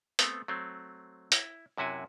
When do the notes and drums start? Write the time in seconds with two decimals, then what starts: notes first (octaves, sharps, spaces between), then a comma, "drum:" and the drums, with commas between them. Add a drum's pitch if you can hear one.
0.19 A3 B3 C4, drum: hi-hat
0.48 F#3 A3 C4
1.32 E4, drum: hi-hat
1.78 F#2 C3 E4 F#4 G#5